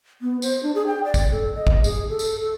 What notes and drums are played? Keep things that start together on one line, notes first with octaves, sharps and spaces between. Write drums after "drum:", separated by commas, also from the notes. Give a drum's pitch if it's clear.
B3
C5, drum: tambourine
D4
G#4
G5
D5
drum: kick, tambourine
A4
D#5
drum: kick
G#4, drum: tambourine
A4
drum: tambourine
A4